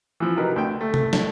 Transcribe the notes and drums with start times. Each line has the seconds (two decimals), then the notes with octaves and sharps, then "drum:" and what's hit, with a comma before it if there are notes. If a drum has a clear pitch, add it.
0.20 E3 F3
0.37 C3 F#3 D#4 A#4 B4
0.56 D2 G5
0.81 A3
0.94 drum: tom
1.13 drum: snare